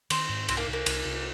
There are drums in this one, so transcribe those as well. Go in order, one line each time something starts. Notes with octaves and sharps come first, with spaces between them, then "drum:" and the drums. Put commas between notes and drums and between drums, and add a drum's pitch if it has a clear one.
D#3 C4, drum: cymbal
G#2
C2 C4, drum: cymbal
A#3
C2
A#3
C2, drum: cymbal
C2